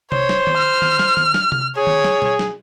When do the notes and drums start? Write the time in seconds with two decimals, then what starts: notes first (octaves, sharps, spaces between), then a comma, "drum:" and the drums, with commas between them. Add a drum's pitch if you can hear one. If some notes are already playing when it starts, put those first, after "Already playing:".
0.12 C5 C#5, drum: tom C3
0.29 drum: snare
0.47 drum: tom D#3
0.58 F6
0.82 drum: tom D#3
0.99 drum: snare
1.17 drum: tom D#3
1.34 drum: snare
1.52 drum: tom C3
1.77 G#4 C#5
1.87 drum: tom D#3
2.04 drum: snare
2.22 drum: tom B2
2.39 drum: snare